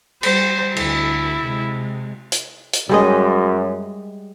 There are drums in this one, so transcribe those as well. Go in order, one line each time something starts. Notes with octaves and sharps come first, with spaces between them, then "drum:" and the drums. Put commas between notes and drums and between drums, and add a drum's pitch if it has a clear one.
G3 C5, drum: cymbal
D2 E4, drum: cymbal
C3 G#3
drum: hi-hat
drum: hi-hat
F#2 G3 G#3 D#5